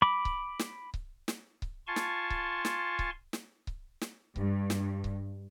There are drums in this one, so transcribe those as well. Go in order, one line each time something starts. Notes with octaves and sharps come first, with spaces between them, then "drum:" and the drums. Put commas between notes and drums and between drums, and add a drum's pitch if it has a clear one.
B5 D6
drum: kick C#1
drum: snare
drum: kick C#1
drum: snare
drum: kick C#1
F4 G#5 A5 C6 C#6
drum: snare
drum: kick C#1
drum: snare
drum: kick C#1
drum: snare
drum: kick C#1
drum: snare
G2, drum: kick C#1
drum: snare
drum: kick C#1